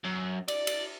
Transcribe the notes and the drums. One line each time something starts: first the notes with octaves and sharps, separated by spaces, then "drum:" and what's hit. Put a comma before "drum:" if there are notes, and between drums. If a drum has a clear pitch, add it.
F#2
D5, drum: cymbal
drum: cymbal